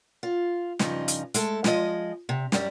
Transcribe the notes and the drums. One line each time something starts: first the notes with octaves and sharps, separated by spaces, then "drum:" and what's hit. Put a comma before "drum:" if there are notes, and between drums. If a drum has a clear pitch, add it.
F4
G2 C#3 F3 D#4, drum: snare
drum: hi-hat
G#3 A3 A4, drum: hi-hat
F3 G#3 D#5, drum: snare
C3
F#2 G3, drum: snare